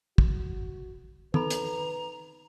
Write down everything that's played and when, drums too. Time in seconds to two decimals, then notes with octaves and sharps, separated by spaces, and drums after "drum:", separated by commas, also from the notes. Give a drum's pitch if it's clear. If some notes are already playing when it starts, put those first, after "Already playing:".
0.18 F#4, drum: kick
1.34 D#4 A4 B4 A#5 B5, drum: tom
1.50 drum: hi-hat